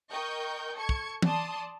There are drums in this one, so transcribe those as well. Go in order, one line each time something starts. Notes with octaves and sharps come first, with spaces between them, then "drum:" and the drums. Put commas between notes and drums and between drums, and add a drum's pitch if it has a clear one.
A#4 D#5 G5 C#6 G6
A4 C#6 G#6 C#7
drum: kick
D5 A5 C6 D#6, drum: tom E3